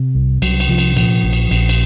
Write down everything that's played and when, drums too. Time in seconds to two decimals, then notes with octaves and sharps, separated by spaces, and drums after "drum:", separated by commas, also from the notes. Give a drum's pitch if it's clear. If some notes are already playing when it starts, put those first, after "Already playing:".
Already playing: C3
0.15 C2
0.42 C2 F#3, drum: cymbal
0.60 drum: cymbal
0.69 C3 F3
0.78 drum: cymbal
0.96 A#2 F3, drum: cymbal
1.24 A#1
1.33 drum: cymbal
1.51 A#1, drum: cymbal
1.69 drum: cymbal